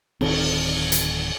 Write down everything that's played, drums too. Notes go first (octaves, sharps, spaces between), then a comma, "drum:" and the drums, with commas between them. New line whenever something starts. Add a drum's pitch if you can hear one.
D1 C#2 D#3 C4, drum: cymbal
drum: hi-hat